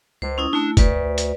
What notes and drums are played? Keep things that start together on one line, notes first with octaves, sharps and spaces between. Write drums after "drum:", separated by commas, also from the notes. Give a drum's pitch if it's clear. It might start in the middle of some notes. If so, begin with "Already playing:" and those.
C#2 C5
C#4 E4 D#6
A3 D4 E4
D2 B4 D5, drum: kick, hi-hat
drum: hi-hat